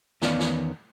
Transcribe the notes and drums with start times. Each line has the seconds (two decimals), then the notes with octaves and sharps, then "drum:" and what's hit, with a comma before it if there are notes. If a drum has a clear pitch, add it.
0.22 E2 D#3 B3 C#4 D5 F5, drum: snare
0.40 drum: snare